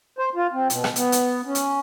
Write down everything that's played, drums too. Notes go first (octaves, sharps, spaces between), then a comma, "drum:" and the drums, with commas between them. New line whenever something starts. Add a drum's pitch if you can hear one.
C5
F4
C4
B2, drum: hi-hat
drum: rim click
B3, drum: hi-hat
drum: hi-hat
C#4
drum: hi-hat